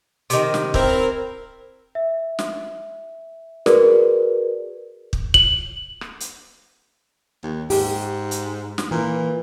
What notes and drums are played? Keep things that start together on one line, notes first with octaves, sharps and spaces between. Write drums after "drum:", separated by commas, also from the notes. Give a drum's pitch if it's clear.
C3 D#3, drum: hi-hat
drum: snare
C4 E4 A#4, drum: kick
E5
drum: snare
F#4 G#4 A#4 B4 D5, drum: snare
drum: kick
F#7, drum: kick
drum: rim click
drum: hi-hat
D#2
G#2 G4, drum: open hi-hat
drum: hi-hat
drum: snare
A#2 E3